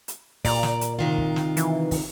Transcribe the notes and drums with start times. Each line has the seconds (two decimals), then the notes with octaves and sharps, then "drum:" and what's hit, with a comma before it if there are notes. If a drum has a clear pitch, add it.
0.08 drum: hi-hat
0.45 A#2 D5 A#5, drum: kick, open hi-hat
0.63 drum: snare
0.81 drum: hi-hat
0.99 C3 D#3 F4
1.18 drum: kick
1.36 drum: snare
1.57 E3, drum: hi-hat
1.91 drum: kick, open hi-hat